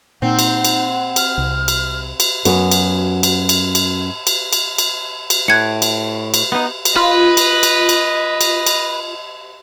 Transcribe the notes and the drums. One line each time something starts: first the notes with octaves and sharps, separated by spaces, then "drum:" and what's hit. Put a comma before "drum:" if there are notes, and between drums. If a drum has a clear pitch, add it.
A#2 C4 D#4 F#5
drum: cymbal
drum: cymbal
F6, drum: cymbal
C2
drum: cymbal
drum: cymbal
F#2 B3 F#4, drum: cymbal
drum: cymbal
drum: cymbal
drum: cymbal
drum: cymbal
drum: cymbal
drum: cymbal
drum: cymbal
drum: cymbal
A2 F#6 G#6 C#7
drum: cymbal
drum: cymbal
B3 D#4
drum: cymbal
F4 B4 D#5
drum: cymbal
drum: cymbal
drum: cymbal
drum: cymbal
drum: cymbal